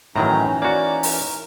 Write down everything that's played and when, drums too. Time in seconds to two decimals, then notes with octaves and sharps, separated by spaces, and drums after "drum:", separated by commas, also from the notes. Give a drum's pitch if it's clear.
0.16 A2 D#3 E3 F#3 C#4 D#4 A#5
0.62 A#3 F#4 D5
1.03 A#4, drum: open hi-hat